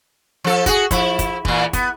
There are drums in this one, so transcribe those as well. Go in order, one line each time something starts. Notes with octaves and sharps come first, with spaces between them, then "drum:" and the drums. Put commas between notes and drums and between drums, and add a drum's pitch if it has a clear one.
F3 A4
F#4 G#4, drum: kick, hi-hat
F3 E4, drum: kick, hi-hat
drum: kick, hi-hat
A#2 E3, drum: kick
B3, drum: kick, hi-hat